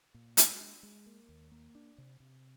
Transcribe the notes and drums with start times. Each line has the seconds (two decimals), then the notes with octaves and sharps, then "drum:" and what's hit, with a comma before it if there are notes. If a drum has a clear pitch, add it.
0.14 A#2
0.37 G#3, drum: hi-hat
0.60 D4
0.83 G#3
1.06 A#3
1.29 D#2
1.51 A#3
1.75 D4
1.98 C3
2.20 C3